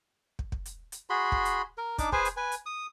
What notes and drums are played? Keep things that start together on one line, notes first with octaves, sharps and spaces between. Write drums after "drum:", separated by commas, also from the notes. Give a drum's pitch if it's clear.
drum: kick
drum: kick
drum: hi-hat
drum: hi-hat
F#4 G#4 B5 C6
drum: kick
drum: hi-hat
A#4
D4 D#4 D6, drum: kick, hi-hat
G#4 B4 C5 G#5, drum: kick
drum: hi-hat
B4 G#5
drum: hi-hat
D#6